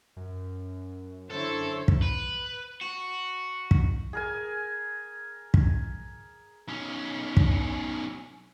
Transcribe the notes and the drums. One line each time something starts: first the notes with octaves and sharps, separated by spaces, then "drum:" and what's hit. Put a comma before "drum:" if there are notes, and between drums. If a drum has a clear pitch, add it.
F#2
D3 E4 A4 C5 C#5
drum: kick
B4
F#4
drum: kick
G#4 A#4 G#5
drum: kick
B1 C#4
drum: kick